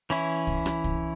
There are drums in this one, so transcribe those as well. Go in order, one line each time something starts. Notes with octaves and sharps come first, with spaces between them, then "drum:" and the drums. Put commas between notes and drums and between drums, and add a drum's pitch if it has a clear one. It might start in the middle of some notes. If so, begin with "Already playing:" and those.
E3 C#4 E4
drum: kick
drum: rim click
drum: kick